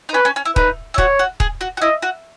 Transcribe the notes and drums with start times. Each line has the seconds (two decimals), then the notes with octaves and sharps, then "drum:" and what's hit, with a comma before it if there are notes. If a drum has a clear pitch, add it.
0.09 D#4
0.14 C#4 B4
0.25 C#4
0.36 C#4
0.45 E4
0.56 D#4 B4, drum: kick
0.94 E4
0.98 F#4 C#5, drum: kick
1.19 F#4
1.40 G#4, drum: kick
1.61 F#4
1.77 F#4
1.82 E4 D#5
2.02 F#4